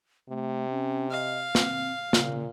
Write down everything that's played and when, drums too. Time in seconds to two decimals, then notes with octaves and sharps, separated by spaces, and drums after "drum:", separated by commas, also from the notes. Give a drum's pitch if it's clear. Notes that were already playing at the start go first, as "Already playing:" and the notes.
0.30 C3 A3
0.71 C#4
1.11 D#5 F5
1.55 C4, drum: snare
2.13 A#2 C#3, drum: snare